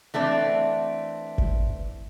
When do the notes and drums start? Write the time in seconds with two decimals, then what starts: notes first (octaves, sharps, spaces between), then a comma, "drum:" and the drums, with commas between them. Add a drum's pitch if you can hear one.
0.14 E3 A3 C4 D4
1.38 drum: kick G1